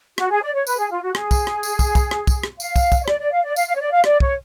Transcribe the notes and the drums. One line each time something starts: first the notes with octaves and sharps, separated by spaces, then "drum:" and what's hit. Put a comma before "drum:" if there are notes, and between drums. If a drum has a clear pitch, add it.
F#4, drum: rim click
G#4
D5
C#5
B4, drum: tambourine
G#4
F4
F#4
G#4, drum: rim click
drum: kick, tambourine
drum: rim click
drum: tambourine
drum: kick, tambourine
drum: kick, tambourine
drum: rim click
drum: kick, tambourine
drum: rim click
F5, drum: tambourine
drum: kick, tambourine
drum: kick, tambourine
C#5
D5, drum: rim click
D5
F5
D5
F5, drum: tambourine
F5
C#5
D5
F5
D5, drum: rim click
C#5, drum: kick